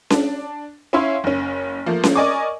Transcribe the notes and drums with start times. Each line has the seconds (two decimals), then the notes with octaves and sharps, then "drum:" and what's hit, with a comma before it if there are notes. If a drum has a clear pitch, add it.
0.10 D4, drum: snare C#4
0.93 C#4 E4 C#5 E5 F5 C6
1.24 F#1 C#4
1.86 F3 A3 A#3
2.04 drum: snare C#4
2.15 A#4 D5 D#5 G#5 C#6 D6